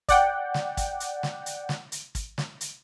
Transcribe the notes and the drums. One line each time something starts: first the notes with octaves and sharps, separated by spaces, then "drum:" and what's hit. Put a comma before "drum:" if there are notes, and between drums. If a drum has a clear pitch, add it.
D5 F#5 G5, drum: kick, hi-hat
drum: snare
drum: kick, hi-hat
drum: hi-hat
drum: snare
drum: hi-hat
drum: snare
drum: hi-hat
drum: kick, hi-hat
drum: snare
drum: hi-hat